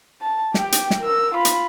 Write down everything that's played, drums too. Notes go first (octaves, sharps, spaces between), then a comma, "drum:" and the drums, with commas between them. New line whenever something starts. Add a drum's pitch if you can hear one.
A5
G4 G5, drum: snare
drum: hi-hat
drum: snare
A#4 E6
F4 B5
drum: hi-hat